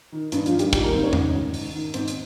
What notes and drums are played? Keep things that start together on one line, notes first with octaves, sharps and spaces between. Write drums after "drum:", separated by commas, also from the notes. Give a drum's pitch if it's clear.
D#3
G2 D#4, drum: hi-hat
F3 F4, drum: hi-hat
D#3
G3 G4, drum: hi-hat
G#2 G3 G4, drum: kick, hi-hat
A#3 A#4
D#3 C4 C5
C#4 C#5
G#2, drum: tom E2
D#3
G#2, drum: open hi-hat
D#3
G#2 C4 C5, drum: hi-hat
drum: hi-hat